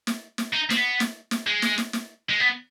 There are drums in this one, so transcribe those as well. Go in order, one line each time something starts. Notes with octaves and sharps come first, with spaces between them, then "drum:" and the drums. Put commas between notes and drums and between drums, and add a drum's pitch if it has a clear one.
drum: snare
drum: snare
D#4
C4, drum: snare
B3
drum: snare
drum: snare
G#3
drum: snare
drum: snare
drum: snare
G#3
B3